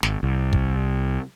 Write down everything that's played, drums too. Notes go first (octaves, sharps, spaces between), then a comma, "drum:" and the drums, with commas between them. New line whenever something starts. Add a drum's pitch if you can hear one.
G#1, drum: snare
C2
drum: kick